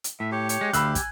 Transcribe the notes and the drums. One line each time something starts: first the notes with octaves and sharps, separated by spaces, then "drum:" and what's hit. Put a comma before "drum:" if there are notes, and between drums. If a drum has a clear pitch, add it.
drum: hi-hat
A2 E5
G4 C#5
C#5, drum: hi-hat
G#3
D2 F5 B5 E6 F#6, drum: hi-hat
G#5, drum: kick, hi-hat